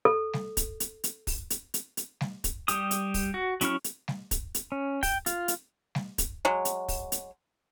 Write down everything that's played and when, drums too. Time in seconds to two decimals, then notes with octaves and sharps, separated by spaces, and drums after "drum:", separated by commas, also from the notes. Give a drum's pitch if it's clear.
0.05 A4
0.33 drum: snare G3
0.57 drum: kick, hi-hat
0.80 drum: hi-hat
1.04 drum: hi-hat
1.27 drum: kick, open hi-hat
1.50 drum: hi-hat
1.74 drum: hi-hat
1.97 drum: hi-hat
2.21 drum: snare G3
2.44 drum: kick, hi-hat
2.68 G3 G4 D#6, drum: hi-hat
2.91 drum: hi-hat
3.14 drum: kick, open hi-hat
3.34 F#4
3.61 F#3 C#4 E4 C#6 F6, drum: hi-hat
3.84 drum: hi-hat
4.08 drum: snare G3
4.31 drum: kick, hi-hat
4.55 drum: hi-hat
4.72 C#4
5.03 G5, drum: kick, open hi-hat
5.26 F4, drum: hi-hat
5.48 drum: hi-hat
5.95 drum: snare G3
6.18 drum: kick, hi-hat
6.45 F#3 G#3
6.65 drum: hi-hat
6.88 drum: kick, open hi-hat
7.12 drum: hi-hat